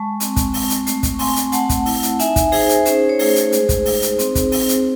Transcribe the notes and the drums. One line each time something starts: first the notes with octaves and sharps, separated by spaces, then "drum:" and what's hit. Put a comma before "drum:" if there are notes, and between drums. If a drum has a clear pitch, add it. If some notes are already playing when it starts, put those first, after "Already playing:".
Already playing: G#3 A5 C#6
C4, drum: hi-hat
drum: kick, hi-hat
C4, drum: open hi-hat
drum: hi-hat
A3, drum: hi-hat
drum: kick, hi-hat
C#6
C4 G#5 C6, drum: open hi-hat
drum: hi-hat
A3 F#5 A5, drum: hi-hat
drum: kick, hi-hat
E4, drum: open hi-hat
drum: hi-hat
D#4 E5 G#5, drum: hi-hat
drum: kick, hi-hat
D#4 G#4 C5, drum: open hi-hat
drum: hi-hat
C#4 G#4 C5, drum: hi-hat
C#5
A3 G#4 C5, drum: open hi-hat
drum: hi-hat
G#3, drum: hi-hat
drum: kick, hi-hat
D#4, drum: open hi-hat
drum: hi-hat
C4, drum: hi-hat
drum: kick, hi-hat
C4, drum: open hi-hat
drum: hi-hat